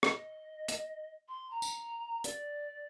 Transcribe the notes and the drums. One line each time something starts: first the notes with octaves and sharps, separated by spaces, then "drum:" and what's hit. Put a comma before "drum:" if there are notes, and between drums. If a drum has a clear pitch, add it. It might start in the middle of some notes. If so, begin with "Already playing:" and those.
D#5, drum: rim click
drum: hi-hat
C6
A#5
drum: tambourine
D5, drum: hi-hat